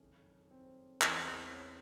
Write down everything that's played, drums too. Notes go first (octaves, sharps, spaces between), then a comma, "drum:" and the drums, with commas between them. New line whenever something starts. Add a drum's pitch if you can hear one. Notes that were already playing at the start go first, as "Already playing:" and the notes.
Already playing: F#1 F2 C3 D#3 C#4
C4
E2 C#3 E3 G#3 C4, drum: clap
C#4